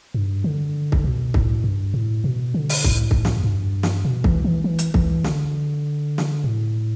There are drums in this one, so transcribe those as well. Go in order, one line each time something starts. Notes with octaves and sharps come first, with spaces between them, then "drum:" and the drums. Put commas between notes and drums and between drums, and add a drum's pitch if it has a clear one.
G2
D3
drum: kick C2
B2
A2, drum: kick C2
G2
A2
B2
D3
drum: open hi-hat
A2, drum: kick C2
drum: kick C2
drum: snare
E2
G2
drum: snare
B2
E3, drum: kick C2
E3
E3
drum: hi-hat
E3, drum: kick C2
D3, drum: snare
drum: snare
A2